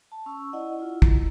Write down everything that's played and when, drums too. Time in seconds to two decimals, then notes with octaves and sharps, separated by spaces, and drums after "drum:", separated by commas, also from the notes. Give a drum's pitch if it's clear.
0.12 A5
0.26 C#4 C#6 E6
0.53 E4 D5 D#5 F#5
0.79 E4 F4
1.02 E4 A#5, drum: kick